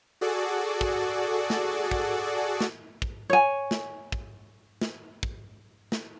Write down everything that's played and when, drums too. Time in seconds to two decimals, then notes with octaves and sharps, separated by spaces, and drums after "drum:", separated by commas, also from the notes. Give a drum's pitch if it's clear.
0.21 F#4 G#4 A4 D5
0.81 drum: kick
1.50 drum: snare
1.91 drum: kick
2.60 drum: snare
3.02 drum: kick
3.30 C#5 G#5
3.71 drum: snare
4.12 drum: kick
4.81 drum: snare
5.23 drum: kick
5.92 drum: snare